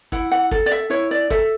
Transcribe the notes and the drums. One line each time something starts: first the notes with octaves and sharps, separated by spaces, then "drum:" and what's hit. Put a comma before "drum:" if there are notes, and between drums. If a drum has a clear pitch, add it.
E4 F#5, drum: kick, hi-hat
F#5
A4, drum: kick
D5
E5
E4 C#5, drum: hi-hat
D5
A4 E5, drum: kick, hi-hat